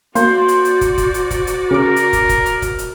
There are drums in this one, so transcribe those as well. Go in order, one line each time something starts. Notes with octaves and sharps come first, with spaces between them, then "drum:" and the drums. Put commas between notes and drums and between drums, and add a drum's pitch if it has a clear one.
A#3 F#4 C5 D5, drum: hi-hat
drum: hi-hat
drum: hi-hat
drum: kick, hi-hat
drum: kick, hi-hat
drum: hi-hat
drum: kick, hi-hat
drum: hi-hat
C#3 A#4 D6
drum: hi-hat
drum: kick, hi-hat
drum: kick, hi-hat
drum: hi-hat
drum: kick, hi-hat
drum: hi-hat